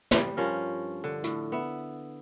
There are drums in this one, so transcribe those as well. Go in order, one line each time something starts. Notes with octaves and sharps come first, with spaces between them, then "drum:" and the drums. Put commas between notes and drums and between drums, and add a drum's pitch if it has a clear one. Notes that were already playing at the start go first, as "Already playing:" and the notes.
G3, drum: snare
G2 F3 C#4 A#4
D3
A2, drum: hi-hat
B3 E5